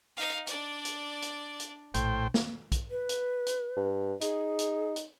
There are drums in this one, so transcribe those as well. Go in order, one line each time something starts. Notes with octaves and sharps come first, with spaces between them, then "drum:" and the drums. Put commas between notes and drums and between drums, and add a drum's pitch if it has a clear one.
D#4 F5
D4 D5, drum: hi-hat
drum: hi-hat
drum: hi-hat
drum: hi-hat
A#1 A2 C5 G5, drum: hi-hat
drum: snare
drum: kick, hi-hat
B4
drum: hi-hat
drum: hi-hat
G2
D#4 G#4, drum: hi-hat
drum: hi-hat
drum: hi-hat